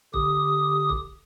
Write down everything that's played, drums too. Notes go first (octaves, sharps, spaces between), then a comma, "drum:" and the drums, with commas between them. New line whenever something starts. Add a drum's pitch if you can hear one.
D3 G4 D#6, drum: kick
drum: kick